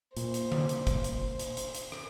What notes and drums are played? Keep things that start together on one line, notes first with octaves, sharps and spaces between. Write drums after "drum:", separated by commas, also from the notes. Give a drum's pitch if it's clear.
A#2 C5, drum: hi-hat
drum: hi-hat
drum: tom D3
drum: hi-hat
drum: kick, hi-hat
drum: hi-hat
drum: hi-hat
drum: hi-hat
drum: hi-hat
drum: rim click